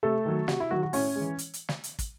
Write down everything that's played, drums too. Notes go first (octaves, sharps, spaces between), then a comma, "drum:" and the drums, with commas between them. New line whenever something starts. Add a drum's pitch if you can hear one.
C3 A3 A4
D#3 F#3
C3 F#4, drum: snare
E4
D#3 F#3 F#4
F#4
A2 C#4 C#5, drum: open hi-hat
E3 G#3
drum: hi-hat
drum: hi-hat
drum: snare
drum: hi-hat
drum: kick, hi-hat